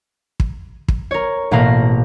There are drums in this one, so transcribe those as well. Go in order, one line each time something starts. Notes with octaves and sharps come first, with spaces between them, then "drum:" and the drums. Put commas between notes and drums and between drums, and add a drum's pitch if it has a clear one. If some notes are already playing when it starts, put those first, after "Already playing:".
drum: kick
drum: kick
A#4 C#5
A1 B2 A#3 E4 F5 A#6